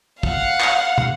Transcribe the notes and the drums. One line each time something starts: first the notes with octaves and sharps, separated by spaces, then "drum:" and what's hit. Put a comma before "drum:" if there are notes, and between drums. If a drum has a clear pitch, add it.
F5 F#5, drum: kick
drum: clap
drum: tom